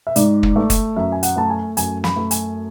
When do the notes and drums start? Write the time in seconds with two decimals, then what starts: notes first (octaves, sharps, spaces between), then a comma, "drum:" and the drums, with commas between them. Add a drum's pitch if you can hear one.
0.07 E5
0.16 G#2 D5, drum: hi-hat
0.43 drum: kick
0.56 A3
0.70 drum: kick, hi-hat
0.96 F#2 E5
1.12 G#5
1.23 F#5, drum: hi-hat
1.36 A3 A5
1.50 G#5
1.77 F#2 G#5, drum: hi-hat
2.04 B5, drum: snare
2.16 A3
2.31 G#5, drum: hi-hat